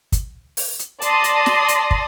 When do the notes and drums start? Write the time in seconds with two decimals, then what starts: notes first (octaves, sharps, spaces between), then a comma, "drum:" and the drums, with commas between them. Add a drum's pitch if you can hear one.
0.12 drum: kick, hi-hat
0.57 drum: open hi-hat
0.79 drum: hi-hat
1.02 D5 A5 C6 D#6 A#6 C7, drum: hi-hat
1.24 drum: hi-hat
1.46 drum: snare
1.68 drum: hi-hat
1.91 drum: kick